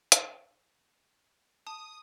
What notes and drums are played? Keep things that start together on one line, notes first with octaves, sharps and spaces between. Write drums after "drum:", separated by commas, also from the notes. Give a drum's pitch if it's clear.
drum: hi-hat
A5 D#6